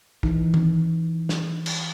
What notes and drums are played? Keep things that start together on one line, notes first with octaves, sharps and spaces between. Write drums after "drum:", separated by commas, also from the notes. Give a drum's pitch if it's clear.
E3 D#4, drum: kick
drum: tom
drum: snare
drum: cymbal